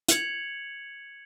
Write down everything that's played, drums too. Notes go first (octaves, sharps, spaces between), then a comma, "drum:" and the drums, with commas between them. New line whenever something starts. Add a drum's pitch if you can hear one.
G#6 C#7 F7 F#7, drum: hi-hat